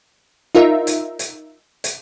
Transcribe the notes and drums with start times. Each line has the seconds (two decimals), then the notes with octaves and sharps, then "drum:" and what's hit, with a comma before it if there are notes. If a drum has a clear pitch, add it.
0.55 D#4 F4 A#4 E5
0.87 drum: hi-hat
1.19 drum: hi-hat
1.84 drum: hi-hat